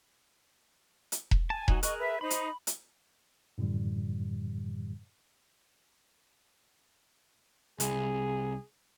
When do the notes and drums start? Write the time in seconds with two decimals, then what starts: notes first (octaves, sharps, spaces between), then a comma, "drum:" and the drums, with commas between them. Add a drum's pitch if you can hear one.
1.12 drum: hi-hat
1.31 drum: kick E1
1.50 G#5 A5
1.68 F#3 D#4 F#4, drum: kick E1
1.83 G#4 A#4 D#5 C#6 F#6, drum: hi-hat
1.98 B4 E5
2.21 D#4 C5 B5
2.30 drum: hi-hat
2.67 drum: hi-hat
3.58 F#2 A2 D3 E3 G3
7.80 C2 G#4, drum: hi-hat